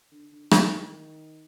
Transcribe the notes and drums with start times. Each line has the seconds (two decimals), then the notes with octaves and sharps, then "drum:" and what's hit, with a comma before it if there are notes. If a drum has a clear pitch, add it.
0.12 D3
0.32 D3
0.51 D#3, drum: rim click